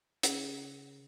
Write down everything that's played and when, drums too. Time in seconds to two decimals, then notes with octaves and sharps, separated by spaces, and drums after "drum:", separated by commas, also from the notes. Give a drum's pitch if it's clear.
0.23 C#3, drum: hi-hat